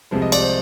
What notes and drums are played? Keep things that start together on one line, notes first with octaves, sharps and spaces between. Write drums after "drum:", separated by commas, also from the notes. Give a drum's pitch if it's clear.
C2 C3 F3 G#3
D#5
D5, drum: cymbal
C5